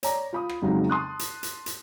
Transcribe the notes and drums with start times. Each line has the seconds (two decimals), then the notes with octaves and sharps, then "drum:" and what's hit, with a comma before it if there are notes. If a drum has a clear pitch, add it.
0.03 C#5 D5 A#5, drum: hi-hat
0.33 F4 B5 D#6
0.49 drum: rim click
0.62 F2 C#3 F#3 G#3 D#4
0.89 A5 C6 D#6 F#6
1.19 drum: hi-hat
1.43 drum: hi-hat
1.66 drum: hi-hat